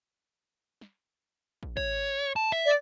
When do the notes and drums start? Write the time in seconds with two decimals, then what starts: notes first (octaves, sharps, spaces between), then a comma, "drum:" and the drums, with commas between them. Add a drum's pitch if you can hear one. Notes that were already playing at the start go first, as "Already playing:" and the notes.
0.81 drum: snare
1.63 drum: kick
1.77 C#5, drum: kick
2.36 A5
2.52 E5
2.65 D5